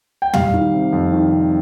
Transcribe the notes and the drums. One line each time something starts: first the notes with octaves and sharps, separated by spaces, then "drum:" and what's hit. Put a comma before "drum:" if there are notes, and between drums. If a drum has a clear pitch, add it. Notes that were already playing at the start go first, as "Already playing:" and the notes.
G5
G3 F5, drum: tom
D#3
C3
F2
D#3
C3